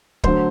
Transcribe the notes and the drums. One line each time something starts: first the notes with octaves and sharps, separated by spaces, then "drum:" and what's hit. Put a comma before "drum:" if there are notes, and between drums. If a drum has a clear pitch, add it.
D3 F#3 A3 C5, drum: kick